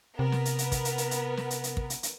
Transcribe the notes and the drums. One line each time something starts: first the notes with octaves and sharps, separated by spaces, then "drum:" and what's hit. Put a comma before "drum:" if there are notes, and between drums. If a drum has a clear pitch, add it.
C3 B3 A#4 B4
drum: snare
drum: hi-hat
drum: hi-hat
drum: kick, hi-hat
drum: hi-hat
drum: hi-hat
drum: hi-hat
drum: snare
drum: hi-hat
drum: hi-hat
drum: kick
drum: hi-hat
drum: hi-hat